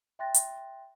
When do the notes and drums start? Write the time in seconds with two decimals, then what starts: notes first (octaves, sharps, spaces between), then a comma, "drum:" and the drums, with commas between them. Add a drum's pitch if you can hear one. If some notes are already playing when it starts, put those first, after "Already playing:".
0.19 E5 G5 C6 F#6 A6 A#6
0.34 drum: hi-hat